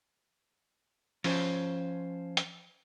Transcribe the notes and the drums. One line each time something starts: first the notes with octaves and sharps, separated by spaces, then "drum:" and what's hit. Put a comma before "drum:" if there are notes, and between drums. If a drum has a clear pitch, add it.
F3 C#4 C5, drum: open hi-hat
drum: hi-hat